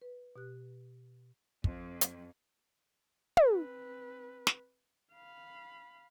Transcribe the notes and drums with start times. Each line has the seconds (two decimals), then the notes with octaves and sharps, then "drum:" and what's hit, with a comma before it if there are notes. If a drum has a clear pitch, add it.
0.02 B4
0.36 B2 G4 F#6
1.64 F2, drum: kick
2.01 drum: hi-hat
3.37 drum: tom
3.50 C4 B4
4.47 drum: snare
5.13 F5 B5